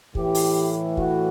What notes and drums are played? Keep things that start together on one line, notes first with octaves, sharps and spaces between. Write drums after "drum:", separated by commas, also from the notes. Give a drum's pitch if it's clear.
A2 E3 G4, drum: kick
drum: open hi-hat
F#4, drum: kick